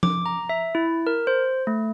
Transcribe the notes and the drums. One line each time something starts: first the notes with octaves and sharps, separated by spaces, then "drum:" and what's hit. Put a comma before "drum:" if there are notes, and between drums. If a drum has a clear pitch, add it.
D6, drum: tom F3
A#5
E5
E4
A#4
C5
A3